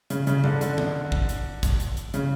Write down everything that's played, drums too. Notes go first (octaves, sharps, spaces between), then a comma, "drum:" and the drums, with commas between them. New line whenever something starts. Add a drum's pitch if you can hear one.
C#3, drum: hi-hat
C#3, drum: hi-hat
D3, drum: tom G#2
D3, drum: hi-hat
drum: tom
drum: kick
drum: hi-hat
drum: kick, hi-hat
drum: hi-hat
drum: hi-hat
C#3, drum: hi-hat